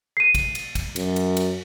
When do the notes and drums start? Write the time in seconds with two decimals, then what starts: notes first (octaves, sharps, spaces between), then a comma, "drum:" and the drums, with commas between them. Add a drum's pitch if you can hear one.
0.17 C7 D#7
0.35 drum: kick, cymbal
0.55 drum: cymbal
0.75 drum: kick, cymbal
0.96 F#2, drum: cymbal
1.16 drum: cymbal
1.37 drum: cymbal